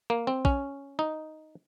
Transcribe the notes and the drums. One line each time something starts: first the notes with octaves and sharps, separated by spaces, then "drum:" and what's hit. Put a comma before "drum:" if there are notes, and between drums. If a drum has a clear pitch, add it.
A#3
C4
C#4, drum: kick
D#4